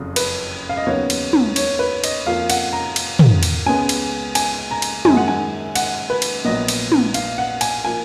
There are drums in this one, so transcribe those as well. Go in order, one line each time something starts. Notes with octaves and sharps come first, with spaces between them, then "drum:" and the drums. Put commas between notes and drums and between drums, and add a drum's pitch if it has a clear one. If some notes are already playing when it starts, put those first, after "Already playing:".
Already playing: F#1 F2 C#3 F#3
B4, drum: cymbal
F5
D#5
D#2 C#3 F#3 B3 C#5
drum: cymbal
drum: tom
C#5, drum: cymbal
B4
D#5, drum: cymbal
F2 F3 A#3 F5
F#5, drum: cymbal
A#5
drum: cymbal
drum: tom
drum: cymbal
C#2 C#3 G#3 B3 G#5
drum: cymbal
G#5, drum: cymbal
A#5
drum: cymbal
F#2 D#3 G#3 G#5, drum: tom
F#5
G#5
F#5, drum: cymbal
B4
drum: cymbal
A#1 A#2 F#3 B3 D#5
drum: cymbal
drum: tom
F5, drum: cymbal
F#5
G#5, drum: cymbal
F3 A#3 G#5